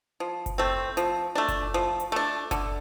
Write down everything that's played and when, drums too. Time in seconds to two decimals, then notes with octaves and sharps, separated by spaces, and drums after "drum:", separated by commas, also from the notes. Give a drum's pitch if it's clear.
0.20 F3
0.46 drum: kick F#1, hi-hat
0.58 A3 C4
0.97 F3, drum: hi-hat
1.35 A3 D4
1.48 drum: kick F#1, hi-hat
1.74 F3
2.00 drum: hi-hat
2.12 A3 D4
2.51 D3, drum: kick F#1, hi-hat